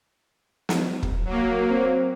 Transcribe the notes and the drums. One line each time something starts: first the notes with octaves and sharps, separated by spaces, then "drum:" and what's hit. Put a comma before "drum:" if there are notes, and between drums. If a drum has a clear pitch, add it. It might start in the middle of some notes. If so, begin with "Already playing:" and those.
drum: snare
drum: kick
F#3 A#3
C4